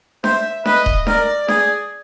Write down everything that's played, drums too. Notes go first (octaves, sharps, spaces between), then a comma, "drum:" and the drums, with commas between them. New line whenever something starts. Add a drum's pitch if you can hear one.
C5 E5, drum: snare D4
B4 D#5, drum: snare D4
drum: kick D#1
A#4 D5, drum: snare D4
G#4, drum: snare D4